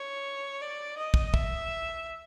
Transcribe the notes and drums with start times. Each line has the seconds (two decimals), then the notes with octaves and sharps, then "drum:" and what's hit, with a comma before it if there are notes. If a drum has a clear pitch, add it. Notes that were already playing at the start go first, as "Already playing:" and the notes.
Already playing: C#5
0.61 D5
0.97 D#5
1.14 drum: kick
1.34 E5, drum: kick